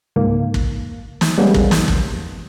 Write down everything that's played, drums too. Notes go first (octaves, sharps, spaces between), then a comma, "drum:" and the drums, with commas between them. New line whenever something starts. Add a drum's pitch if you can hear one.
C#2 G#2 A#3
drum: kick
drum: snare
G3 G#3 A#3 B3 C#4
drum: kick
drum: snare
drum: kick